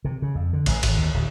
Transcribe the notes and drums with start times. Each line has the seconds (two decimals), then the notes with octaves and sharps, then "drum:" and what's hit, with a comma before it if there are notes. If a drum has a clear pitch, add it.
0.05 C3
0.22 C#3
0.35 F2
0.53 D3
0.66 A1, drum: cymbal
0.83 G#1, drum: cymbal
0.98 D#2
1.14 D1